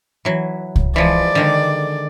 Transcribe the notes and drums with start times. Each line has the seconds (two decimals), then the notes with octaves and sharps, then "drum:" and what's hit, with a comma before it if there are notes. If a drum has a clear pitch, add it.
0.25 E3 F#3
0.76 drum: kick C2
0.96 E3 F3 G#3 D5
1.35 D3 D#3 G#3